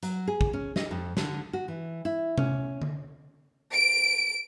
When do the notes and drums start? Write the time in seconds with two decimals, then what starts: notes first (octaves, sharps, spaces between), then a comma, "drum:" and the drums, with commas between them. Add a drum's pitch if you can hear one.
0.03 F#3, drum: hi-hat
0.27 G#4
0.41 drum: kick
0.53 C#4
0.76 D#5, drum: snare
0.91 F2
1.17 D3, drum: snare
1.53 F#4
1.68 E3
2.05 E4
2.38 C#4, drum: tom C3
2.82 drum: tom D3
3.74 D7